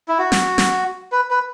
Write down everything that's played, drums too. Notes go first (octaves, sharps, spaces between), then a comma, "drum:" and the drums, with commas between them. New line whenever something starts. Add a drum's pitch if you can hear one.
E4
F#4
drum: snare
drum: snare
B4
B4